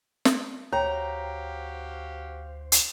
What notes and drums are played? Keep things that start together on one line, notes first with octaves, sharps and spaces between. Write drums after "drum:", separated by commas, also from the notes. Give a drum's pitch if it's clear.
drum: snare
D2 F#4 G4 C5 C#5 F5 G5 A#5
drum: hi-hat